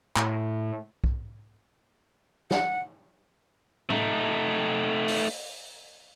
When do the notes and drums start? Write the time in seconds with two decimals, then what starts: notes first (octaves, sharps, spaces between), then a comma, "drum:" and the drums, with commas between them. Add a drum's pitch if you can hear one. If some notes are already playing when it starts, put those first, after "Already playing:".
0.16 A2, drum: clap
1.04 drum: kick B1
2.51 F#5, drum: snare
3.90 A3 D#4, drum: tom A2
5.08 drum: open hi-hat